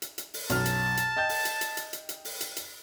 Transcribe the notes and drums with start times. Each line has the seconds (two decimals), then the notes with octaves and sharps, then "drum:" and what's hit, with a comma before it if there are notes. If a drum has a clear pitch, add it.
0.02 drum: hi-hat
0.18 drum: hi-hat
0.34 drum: open hi-hat
0.50 B1 F#2 A5 F6, drum: hi-hat
0.66 drum: hi-hat
0.97 drum: hi-hat
1.17 D#5 G5 G6
1.29 drum: open hi-hat
1.45 drum: hi-hat
1.61 drum: hi-hat
1.77 drum: hi-hat
1.93 drum: hi-hat
2.09 drum: hi-hat
2.25 drum: open hi-hat
2.41 drum: hi-hat
2.56 drum: hi-hat